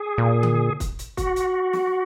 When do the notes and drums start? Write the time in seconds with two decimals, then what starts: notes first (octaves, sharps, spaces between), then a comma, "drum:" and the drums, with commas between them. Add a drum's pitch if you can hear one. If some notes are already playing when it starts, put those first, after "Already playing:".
Already playing: G#4
0.18 A#2
0.43 drum: tom D3
0.80 drum: kick, hi-hat
0.99 drum: hi-hat
1.17 F#4, drum: kick, hi-hat
1.36 drum: hi-hat
1.73 drum: snare